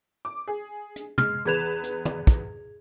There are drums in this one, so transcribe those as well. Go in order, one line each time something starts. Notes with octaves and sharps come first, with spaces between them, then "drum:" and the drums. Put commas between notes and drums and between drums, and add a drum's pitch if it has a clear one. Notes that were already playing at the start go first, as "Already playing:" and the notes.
D6
G#4
drum: hi-hat
G#3 F6, drum: tom
E2 G#4 B4 G#6 E7 F7
drum: hi-hat
drum: tom
drum: kick, hi-hat